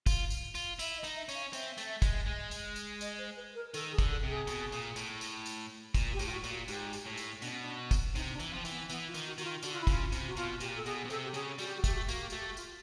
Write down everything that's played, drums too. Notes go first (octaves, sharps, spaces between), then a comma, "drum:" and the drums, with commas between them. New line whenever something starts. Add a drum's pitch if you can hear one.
F4, drum: kick, tambourine
drum: tambourine
F4, drum: tambourine
E4 E5, drum: tambourine
D#5
D#4, drum: tambourine
E5
C#4, drum: tambourine
F5
C4 E5, drum: tambourine
A3, drum: tambourine
G#3, drum: kick, tambourine
G#3
drum: tambourine
drum: tambourine
D#5, drum: tambourine
C5
B4
A#4
D#3 A4, drum: tambourine
G#4
D3, drum: kick, tambourine
A4
C3
G#4
B2, drum: tambourine
A#2, drum: tambourine
A2, drum: tambourine
drum: tambourine
drum: tambourine
A#2, drum: kick, tambourine
G4
A2, drum: tambourine
F4
F#4
A#2, drum: tambourine
F#4
G#2 G4, drum: tambourine
drum: tambourine
A2
drum: tambourine
B2 D4, drum: tambourine
C#4
D4
drum: kick, tambourine
C3 D#4, drum: tambourine
D#4
D4
E3, drum: tambourine
F3 C4
E3, drum: tambourine
B3
E3 B3, drum: tambourine
F4
D#3, drum: tambourine
F#4
D#3 F#4, drum: tambourine
F4
D3 F#4, drum: tambourine
F4
E4
C#3 F4, drum: kick, tambourine
C3, drum: tambourine
F#4
B2 F4, drum: tambourine
A#2 G4, drum: tambourine
A4
B2 G#4, drum: tambourine
B2
C3 A4, drum: tambourine
G4
C#3 G#4, drum: tambourine
G3 F#4, drum: tambourine
G4
F#4
A3 G4, drum: kick, tambourine
F#4
G4
A#3 F#4, drum: tambourine
G4
A3 F#4, drum: tambourine
G4
F#4
F4, drum: tambourine